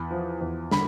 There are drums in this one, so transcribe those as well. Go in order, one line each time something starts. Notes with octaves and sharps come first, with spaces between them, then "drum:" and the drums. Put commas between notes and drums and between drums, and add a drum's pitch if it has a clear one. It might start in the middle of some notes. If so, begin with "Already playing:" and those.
Already playing: E2 B5
F3
E2
D3 B5, drum: snare